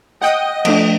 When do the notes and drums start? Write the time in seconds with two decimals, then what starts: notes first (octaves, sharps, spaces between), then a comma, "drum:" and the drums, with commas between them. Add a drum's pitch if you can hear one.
0.21 D#5 F#5 G5 D#6
0.65 F3 A3 D4, drum: cymbal